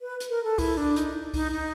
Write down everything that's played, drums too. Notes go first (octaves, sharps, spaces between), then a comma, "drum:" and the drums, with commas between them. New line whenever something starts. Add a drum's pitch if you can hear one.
B4
drum: hi-hat
A#4
A4
E4, drum: kick C2, open hi-hat
D4
D#4, drum: hi-hat
D#4, drum: kick C2, open hi-hat
D#4